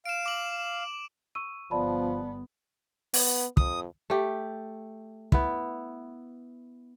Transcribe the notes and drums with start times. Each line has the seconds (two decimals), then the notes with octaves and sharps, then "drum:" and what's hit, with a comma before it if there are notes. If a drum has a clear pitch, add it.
0.06 F5 D7 E7
0.26 D6 F#7
1.35 C#6 E6 D#7
1.71 G1 F3 B3 D5 A5 B5
3.14 B3, drum: open hi-hat
3.57 F2 D#6, drum: kick
4.10 A3 G4
5.32 B3 E4, drum: kick